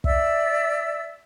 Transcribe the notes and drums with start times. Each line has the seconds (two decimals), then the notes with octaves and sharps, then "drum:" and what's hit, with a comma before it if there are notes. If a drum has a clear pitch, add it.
0.04 D5 E5 E6, drum: kick